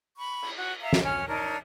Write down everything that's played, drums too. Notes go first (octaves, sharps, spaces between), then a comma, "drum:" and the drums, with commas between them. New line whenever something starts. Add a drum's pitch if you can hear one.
B5 C#6
drum: cymbal
F#4
E5 F5 A#5
drum: snare
C#4 F6
D4 D#4 A#4 C#5